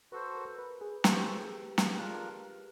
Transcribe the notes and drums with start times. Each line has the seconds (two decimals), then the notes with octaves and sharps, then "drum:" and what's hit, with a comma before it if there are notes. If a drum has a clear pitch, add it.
0.12 F#4 A4 B4 C5
0.35 A#4
0.59 B4
0.81 G#4
1.04 F#4 G4 A4 C5, drum: snare
1.78 drum: snare
1.97 D4 F4 A#4